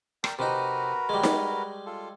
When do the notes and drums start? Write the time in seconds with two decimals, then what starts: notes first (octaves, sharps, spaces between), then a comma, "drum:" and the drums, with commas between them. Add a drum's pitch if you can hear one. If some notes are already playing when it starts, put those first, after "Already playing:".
0.24 A#4 D5 G5, drum: rim click
0.39 C3 D#4 F#4 A#4 B4
1.09 G3 G#3
1.23 drum: snare D#4
1.86 F4 A4